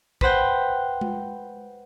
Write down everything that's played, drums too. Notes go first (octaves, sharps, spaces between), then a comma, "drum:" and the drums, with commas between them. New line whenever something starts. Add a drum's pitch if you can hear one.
B4 C5 F#5 G5, drum: kick
drum: tom G#3